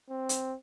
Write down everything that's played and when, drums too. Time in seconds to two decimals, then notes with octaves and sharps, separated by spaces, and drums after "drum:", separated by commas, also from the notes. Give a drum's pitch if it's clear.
0.10 C4
0.29 drum: hi-hat